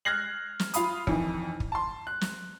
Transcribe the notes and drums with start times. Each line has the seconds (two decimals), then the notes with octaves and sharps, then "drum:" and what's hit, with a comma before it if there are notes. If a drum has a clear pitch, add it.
0.05 F6 F#6 G#6 A#6 C7 F#7
0.59 drum: snare
0.74 F4 F5 B5 D#6, drum: hi-hat
1.07 F2 D#3 E3, drum: kick
1.60 drum: kick
1.72 A5 C6
2.07 F#6
2.21 drum: snare